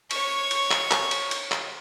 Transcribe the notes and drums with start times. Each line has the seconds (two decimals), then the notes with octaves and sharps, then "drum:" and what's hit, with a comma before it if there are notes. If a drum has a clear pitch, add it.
0.11 C#5 C#6, drum: cymbal
0.51 drum: cymbal
0.71 drum: clap
0.91 drum: clap
1.11 drum: cymbal
1.31 drum: cymbal
1.51 drum: clap